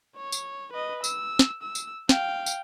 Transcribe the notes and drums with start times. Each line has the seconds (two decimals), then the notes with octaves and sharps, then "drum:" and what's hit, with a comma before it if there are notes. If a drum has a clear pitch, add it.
0.16 C#5
0.32 drum: tambourine
0.73 B4 D#5
1.04 E6, drum: tambourine
1.39 drum: snare
1.63 E6
1.75 drum: tambourine
2.09 F5 G5, drum: snare
2.46 drum: tambourine